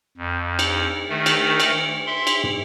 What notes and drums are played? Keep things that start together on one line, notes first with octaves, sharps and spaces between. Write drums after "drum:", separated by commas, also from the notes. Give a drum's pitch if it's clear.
F2
drum: cymbal
D#3 A3
drum: cymbal
drum: cymbal
E5 C6
drum: cymbal
drum: tom